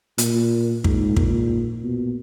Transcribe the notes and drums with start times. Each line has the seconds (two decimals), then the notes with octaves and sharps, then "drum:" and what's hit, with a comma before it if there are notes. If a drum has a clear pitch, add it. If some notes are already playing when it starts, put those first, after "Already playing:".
0.18 A#2, drum: hi-hat
0.84 G#2, drum: kick
1.16 A#2, drum: kick
1.83 B2